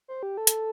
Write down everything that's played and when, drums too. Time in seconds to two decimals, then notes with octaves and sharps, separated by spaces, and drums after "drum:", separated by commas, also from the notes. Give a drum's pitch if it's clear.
0.08 C5
0.23 G4
0.37 A4
0.47 drum: hi-hat